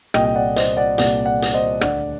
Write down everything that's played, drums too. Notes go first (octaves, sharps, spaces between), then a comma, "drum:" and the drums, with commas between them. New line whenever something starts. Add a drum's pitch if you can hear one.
C2 A#2 D#5 G5, drum: rim click
G5
D5 F#5
C5 D#5, drum: hi-hat
D5 F#5
C2 A#2 D5 F#5, drum: hi-hat
D5 F#5
F#5, drum: hi-hat
C5 D#5
D2 D3 D5 F#5, drum: rim click